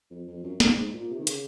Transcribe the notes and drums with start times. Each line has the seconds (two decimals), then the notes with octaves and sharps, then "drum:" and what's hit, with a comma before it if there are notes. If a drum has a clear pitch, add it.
0.10 F2
0.27 F2
0.43 F#2
0.60 G#2, drum: snare
0.77 G#2
0.94 A#2
1.10 C3
1.18 D#3
1.27 C#3, drum: hi-hat